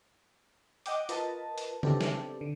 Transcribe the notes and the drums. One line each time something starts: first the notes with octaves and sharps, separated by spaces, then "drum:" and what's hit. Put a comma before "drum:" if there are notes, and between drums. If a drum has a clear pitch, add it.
D#5 F#5 G5 D6, drum: hi-hat
F4 A#4 B4 D#5 A5, drum: hi-hat
drum: hi-hat
B3 C4 D4 G4 A4, drum: tom C#3
drum: snare
D3